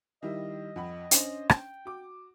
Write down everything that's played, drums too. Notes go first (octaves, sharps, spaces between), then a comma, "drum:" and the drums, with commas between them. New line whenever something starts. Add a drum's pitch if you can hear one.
D#3 G3 E4 D#5
F2 F#5 B5
C#4 D4 C5, drum: hi-hat
G5, drum: rim click
F#4 D6